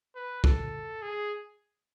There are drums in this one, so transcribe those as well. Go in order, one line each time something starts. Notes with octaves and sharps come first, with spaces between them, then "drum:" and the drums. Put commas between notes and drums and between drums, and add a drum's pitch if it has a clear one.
B4
A4, drum: kick
G#4